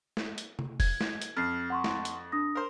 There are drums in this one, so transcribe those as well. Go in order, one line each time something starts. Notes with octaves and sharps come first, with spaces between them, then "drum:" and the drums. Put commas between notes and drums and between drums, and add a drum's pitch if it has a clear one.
drum: snare
drum: hi-hat
drum: tom C3
G#6, drum: kick E1, open hi-hat
drum: snare
drum: hi-hat
F2 F6 C7
F#5 C6 C#6
drum: snare
drum: hi-hat
D4 D#6 A#6
A#4 C5